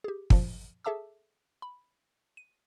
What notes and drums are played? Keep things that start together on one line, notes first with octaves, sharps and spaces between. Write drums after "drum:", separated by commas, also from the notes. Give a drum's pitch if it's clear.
G4 G#4
F#2 A#2 F3, drum: kick
G#4 A4 E5 A5 D6 E6
B5
D#7